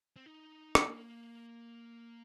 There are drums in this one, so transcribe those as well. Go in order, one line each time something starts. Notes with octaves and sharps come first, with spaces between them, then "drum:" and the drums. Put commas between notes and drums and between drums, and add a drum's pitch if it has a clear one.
C4
D#4
drum: rim click
A#3